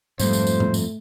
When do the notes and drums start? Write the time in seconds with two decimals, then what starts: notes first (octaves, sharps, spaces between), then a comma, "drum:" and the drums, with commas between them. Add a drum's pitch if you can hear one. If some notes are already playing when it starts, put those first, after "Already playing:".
0.20 F2 G#2 G3 A3 C5, drum: tambourine
0.33 drum: tambourine
0.47 drum: tambourine
0.60 drum: tom A2
0.74 drum: tambourine